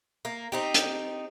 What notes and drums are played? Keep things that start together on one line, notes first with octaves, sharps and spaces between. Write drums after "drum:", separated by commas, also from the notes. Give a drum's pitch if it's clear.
A#3
C4 D#4 G4
drum: hi-hat